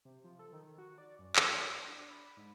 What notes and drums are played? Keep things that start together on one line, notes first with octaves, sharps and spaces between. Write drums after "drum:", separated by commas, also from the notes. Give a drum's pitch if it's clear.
C3
F3
A4
D#3
F#4
D5
F#2
drum: clap
D4
D5
B5
G#2